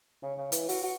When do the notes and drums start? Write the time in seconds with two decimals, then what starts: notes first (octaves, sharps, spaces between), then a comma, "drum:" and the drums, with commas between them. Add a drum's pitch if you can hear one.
0.23 C#3
0.38 C#3
0.52 E3, drum: hi-hat
0.69 F#4, drum: open hi-hat
0.83 F#4